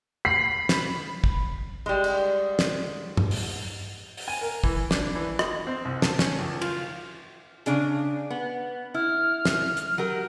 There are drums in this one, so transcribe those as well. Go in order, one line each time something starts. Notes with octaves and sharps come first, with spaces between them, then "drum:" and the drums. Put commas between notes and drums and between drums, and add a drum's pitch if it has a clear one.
B5 C7
drum: snare
drum: kick
G3 G#3
drum: cymbal
drum: snare
drum: tom G2
drum: open hi-hat
drum: open hi-hat
G#5
A#4
E3, drum: kick
D4, drum: snare
E3
D#5, drum: rim click
C4
C2
A5, drum: snare
C#4, drum: snare
C#2
F4, drum: cymbal
C#3 D4 G#4, drum: hi-hat
B3
E4 F6
drum: snare
drum: hi-hat
F#3 G4 A#4